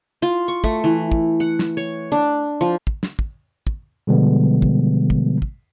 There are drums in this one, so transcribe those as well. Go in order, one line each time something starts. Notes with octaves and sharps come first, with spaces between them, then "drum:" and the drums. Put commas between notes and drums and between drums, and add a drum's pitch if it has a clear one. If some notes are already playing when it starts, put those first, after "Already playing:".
F4
C#6
A3, drum: kick
E3
drum: kick
F#5
drum: snare
C#5
D4
F3
drum: kick
drum: snare
drum: kick
drum: kick
B2 D3 F3 G3 G#3 B3
drum: kick
drum: kick
drum: kick